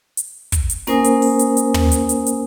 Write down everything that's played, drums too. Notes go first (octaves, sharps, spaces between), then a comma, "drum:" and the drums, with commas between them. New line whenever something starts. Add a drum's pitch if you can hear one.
drum: hi-hat
drum: kick, hi-hat
drum: hi-hat
A#3 C#4 A#4 C5 G#5 D#6, drum: snare
drum: hi-hat
drum: open hi-hat
drum: hi-hat
drum: hi-hat
drum: tom
drum: hi-hat
drum: hi-hat
drum: hi-hat